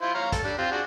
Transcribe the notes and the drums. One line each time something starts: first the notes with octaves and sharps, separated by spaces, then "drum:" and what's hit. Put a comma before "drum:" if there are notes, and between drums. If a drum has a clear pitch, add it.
E4 F4 C5
C#5 F5 A#5
A4, drum: kick, hi-hat
G3 D4
C4 F4
D4 F#4 G#4